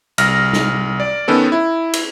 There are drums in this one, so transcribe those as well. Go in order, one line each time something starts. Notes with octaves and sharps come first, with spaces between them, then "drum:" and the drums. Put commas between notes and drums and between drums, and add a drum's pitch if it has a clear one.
C2 F6 A#6, drum: cymbal
drum: snare
D5
D#3 B3 C#4 A4
E4
drum: cymbal